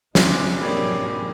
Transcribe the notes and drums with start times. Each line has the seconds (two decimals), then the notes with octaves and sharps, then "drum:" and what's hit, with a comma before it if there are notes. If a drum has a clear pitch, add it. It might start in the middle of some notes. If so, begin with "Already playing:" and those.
0.15 G#3 B3 C4 D4 E4 D#5 F#5 D6, drum: snare
0.61 B1 G#2 A#3 G4 G#4 C#5 D5 B5